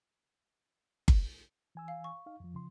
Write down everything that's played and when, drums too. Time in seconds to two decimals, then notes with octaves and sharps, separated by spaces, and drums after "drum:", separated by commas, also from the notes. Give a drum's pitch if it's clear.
1.08 drum: kick G1
1.75 E3 G#5 E6
1.88 F5
2.04 C#6
2.26 D#4 F5
2.40 F2 F3
2.54 C#3 F3 C6